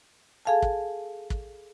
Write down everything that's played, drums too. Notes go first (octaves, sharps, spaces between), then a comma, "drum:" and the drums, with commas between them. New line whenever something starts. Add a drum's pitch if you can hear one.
G#4 A4 F5 G#5 A5
drum: kick
drum: kick